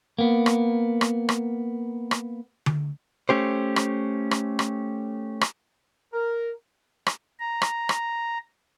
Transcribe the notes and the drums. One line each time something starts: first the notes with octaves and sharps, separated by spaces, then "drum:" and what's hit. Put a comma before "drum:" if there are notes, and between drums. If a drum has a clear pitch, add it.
A#3 B3
drum: rim click
drum: rim click
drum: rim click
drum: rim click
drum: tom D3
A3 C#4 G4 C5
drum: rim click
drum: rim click
drum: rim click
drum: rim click
A#4
drum: rim click
A#5
drum: rim click
drum: rim click